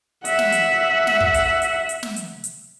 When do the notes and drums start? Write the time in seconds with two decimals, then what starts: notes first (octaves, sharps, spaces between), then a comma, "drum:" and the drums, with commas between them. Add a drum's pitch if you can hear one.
0.25 E5 F#5, drum: hi-hat
0.39 drum: snare
0.52 drum: hi-hat
1.07 drum: snare
1.21 drum: kick
1.34 drum: hi-hat
1.62 drum: hi-hat
1.89 drum: hi-hat
2.03 drum: snare
2.16 drum: hi-hat
2.44 drum: hi-hat